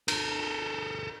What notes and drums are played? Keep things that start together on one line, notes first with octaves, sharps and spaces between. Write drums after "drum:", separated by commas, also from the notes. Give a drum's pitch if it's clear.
A4 A#4, drum: cymbal